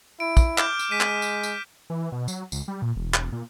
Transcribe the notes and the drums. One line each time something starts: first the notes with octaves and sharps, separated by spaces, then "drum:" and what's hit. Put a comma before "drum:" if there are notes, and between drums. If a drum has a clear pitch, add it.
E4 D7
drum: kick, tambourine
D6 F6 G6, drum: clap
drum: tambourine
G#3 B6 D#7
drum: clap
drum: tambourine
drum: tambourine
E3
B2
F#3, drum: tambourine
C#2, drum: tambourine
G3
A#2
E1
drum: clap
A#2